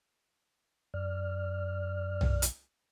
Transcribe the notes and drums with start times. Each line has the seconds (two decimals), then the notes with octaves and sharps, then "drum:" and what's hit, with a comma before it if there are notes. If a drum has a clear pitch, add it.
0.94 F#2 D5 F6
2.21 drum: tom
2.42 drum: hi-hat